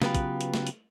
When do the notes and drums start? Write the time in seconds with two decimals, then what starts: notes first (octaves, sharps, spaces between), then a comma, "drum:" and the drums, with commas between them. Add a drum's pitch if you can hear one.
0.02 C#3 F#3 B3 F4 G4 B4, drum: snare
0.15 drum: kick, hi-hat
0.41 drum: hi-hat
0.54 drum: snare
0.67 drum: hi-hat